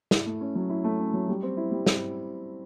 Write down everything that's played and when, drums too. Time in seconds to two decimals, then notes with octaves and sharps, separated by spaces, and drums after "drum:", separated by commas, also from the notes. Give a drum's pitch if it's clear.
0.11 E4, drum: snare
0.26 A3
0.41 C#4
0.55 F#3
0.70 E4
0.84 A3
0.99 C#4
1.14 F#3
1.28 G3
1.43 C4
1.57 E4
1.72 G3
1.86 drum: snare